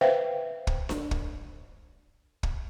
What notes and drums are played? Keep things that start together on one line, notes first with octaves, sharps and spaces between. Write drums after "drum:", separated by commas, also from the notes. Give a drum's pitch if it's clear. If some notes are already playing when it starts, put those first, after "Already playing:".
B4 C5 E5 F5 G5
drum: kick
drum: snare D4
drum: kick
drum: kick